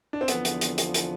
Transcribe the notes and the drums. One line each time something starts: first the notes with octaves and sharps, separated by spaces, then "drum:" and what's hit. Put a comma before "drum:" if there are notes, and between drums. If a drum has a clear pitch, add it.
D4
C4
E2 D3 F3 B3, drum: hi-hat
drum: hi-hat
drum: hi-hat
drum: hi-hat
drum: hi-hat